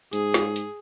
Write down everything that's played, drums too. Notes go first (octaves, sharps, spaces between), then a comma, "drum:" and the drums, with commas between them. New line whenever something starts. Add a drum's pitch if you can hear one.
G#2 G#4, drum: hi-hat
drum: snare
drum: hi-hat